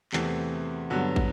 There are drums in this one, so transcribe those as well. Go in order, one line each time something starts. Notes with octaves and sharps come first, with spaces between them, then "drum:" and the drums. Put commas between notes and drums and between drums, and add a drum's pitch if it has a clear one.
E2 C3 E3 A3 C4, drum: clap
G2 D3 F#3 B3
drum: kick